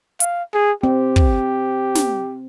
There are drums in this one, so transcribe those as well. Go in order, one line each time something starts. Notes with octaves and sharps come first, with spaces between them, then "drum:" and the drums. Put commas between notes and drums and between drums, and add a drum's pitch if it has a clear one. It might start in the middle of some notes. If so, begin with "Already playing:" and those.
F5, drum: hi-hat
G#4
C4 G4
drum: kick
drum: snare